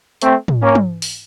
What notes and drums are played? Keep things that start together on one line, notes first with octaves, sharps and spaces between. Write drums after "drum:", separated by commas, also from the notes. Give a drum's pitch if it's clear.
A3 C4, drum: hi-hat
drum: tom
A#3 C#4
drum: tom
drum: open hi-hat